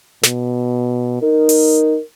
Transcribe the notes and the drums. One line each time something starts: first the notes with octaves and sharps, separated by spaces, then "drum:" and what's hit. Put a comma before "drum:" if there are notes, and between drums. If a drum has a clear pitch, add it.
B2, drum: snare
D#4 A#4
drum: open hi-hat